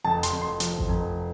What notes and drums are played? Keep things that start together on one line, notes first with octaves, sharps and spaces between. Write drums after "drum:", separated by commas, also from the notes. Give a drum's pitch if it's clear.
F1 A5
C6, drum: hi-hat
F1
C6
F3, drum: hi-hat
drum: kick G#1
F1